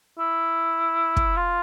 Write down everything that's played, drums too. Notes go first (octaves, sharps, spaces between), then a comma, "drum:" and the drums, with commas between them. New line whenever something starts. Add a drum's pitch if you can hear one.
E4
drum: kick
F4